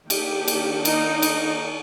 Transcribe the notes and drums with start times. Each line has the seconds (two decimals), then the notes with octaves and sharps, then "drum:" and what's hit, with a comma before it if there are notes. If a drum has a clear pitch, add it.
0.10 D#3 A#3 D4 G4, drum: cymbal
0.48 drum: cymbal
0.85 D#4, drum: cymbal
1.22 drum: cymbal